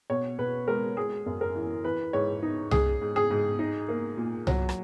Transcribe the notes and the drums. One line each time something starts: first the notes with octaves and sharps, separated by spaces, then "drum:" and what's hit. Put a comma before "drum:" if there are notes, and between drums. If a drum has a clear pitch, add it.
B2 C#5
B2 B4
G#3 A#4
G#3 G#4
F#2
A#4
E3
E3 B4
G#2 C#5
D#4
G#2 G#4, drum: tom C2
G#2
G#4
G#2
D#4
A#3
A#2
F#3, drum: tom C2
drum: rim click